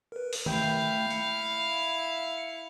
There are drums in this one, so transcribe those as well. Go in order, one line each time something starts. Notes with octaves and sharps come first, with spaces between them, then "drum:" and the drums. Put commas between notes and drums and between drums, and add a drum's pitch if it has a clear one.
A#4 B4
drum: open hi-hat
A3 E4 F5 G5 G6, drum: tom D#3
C#7, drum: hi-hat